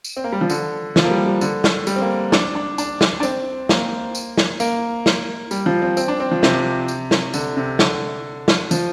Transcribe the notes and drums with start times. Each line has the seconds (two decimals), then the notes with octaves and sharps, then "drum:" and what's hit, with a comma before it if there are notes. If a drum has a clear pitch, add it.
0.04 drum: tambourine
0.17 C4
0.24 A#3
0.32 G3
0.41 F3
0.50 D3, drum: tambourine
0.96 F3, drum: snare
1.04 A#3
1.11 G3
1.26 G3
1.41 D3, drum: tambourine
1.64 drum: snare
1.87 G3, drum: tambourine
1.96 C4
2.02 A#3
2.32 D4, drum: snare
2.55 D4
2.78 D4, drum: tambourine
3.01 drum: snare
3.20 D4
3.23 C4, drum: tambourine
3.69 A#3, drum: snare
4.15 drum: tambourine
4.38 drum: snare
4.60 A#3, drum: tambourine
5.06 drum: snare
5.51 G3, drum: tambourine
5.66 F3
5.82 C4
5.97 C4, drum: tambourine
6.08 D4
6.20 C4
6.32 F3
6.43 C3, drum: snare
6.88 drum: tambourine
7.11 drum: snare
7.34 D3, drum: tambourine
7.57 C3
7.79 D3, drum: snare
8.48 drum: snare
8.71 F3, drum: tambourine